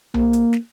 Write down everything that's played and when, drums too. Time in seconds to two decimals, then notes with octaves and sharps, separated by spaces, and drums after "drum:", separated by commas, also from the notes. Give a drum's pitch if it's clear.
0.14 A#3, drum: tom B1
0.33 drum: hi-hat
0.53 drum: snare